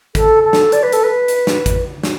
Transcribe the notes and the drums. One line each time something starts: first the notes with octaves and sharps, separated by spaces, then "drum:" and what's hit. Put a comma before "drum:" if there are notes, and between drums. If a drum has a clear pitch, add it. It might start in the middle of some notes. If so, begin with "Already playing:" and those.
A4, drum: kick, hi-hat
A4
drum: snare
D5, drum: hi-hat
B4
A4, drum: hi-hat
B4
drum: hi-hat
drum: snare
drum: kick, hi-hat
drum: snare